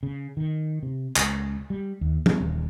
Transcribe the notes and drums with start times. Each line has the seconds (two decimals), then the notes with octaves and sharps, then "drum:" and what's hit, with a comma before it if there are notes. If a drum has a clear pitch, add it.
0.03 C#3
0.37 D#3
0.83 C3
1.16 C#2, drum: clap
1.70 G3
2.01 D#2
2.26 G3, drum: tom E3
2.40 D#1